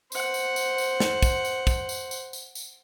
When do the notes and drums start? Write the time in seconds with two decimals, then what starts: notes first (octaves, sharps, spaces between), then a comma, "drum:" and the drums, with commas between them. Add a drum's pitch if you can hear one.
0.12 C5 F#5, drum: tambourine
0.34 drum: tambourine
0.56 drum: tambourine
0.78 drum: tambourine
1.00 drum: snare
1.23 drum: kick, tambourine
1.45 drum: tambourine
1.67 drum: kick, tambourine
1.89 drum: tambourine
2.11 drum: tambourine
2.33 drum: tambourine
2.55 drum: tambourine